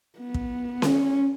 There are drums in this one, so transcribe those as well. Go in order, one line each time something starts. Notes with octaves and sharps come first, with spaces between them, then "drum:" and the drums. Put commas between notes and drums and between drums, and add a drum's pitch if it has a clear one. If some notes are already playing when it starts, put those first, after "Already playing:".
B3
drum: kick
C#4, drum: snare C#4